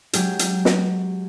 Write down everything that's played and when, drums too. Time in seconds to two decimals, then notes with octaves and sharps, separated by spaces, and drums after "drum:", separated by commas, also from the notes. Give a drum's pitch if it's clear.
0.13 F#3 G#3 G4, drum: hi-hat
0.39 drum: hi-hat
0.65 drum: snare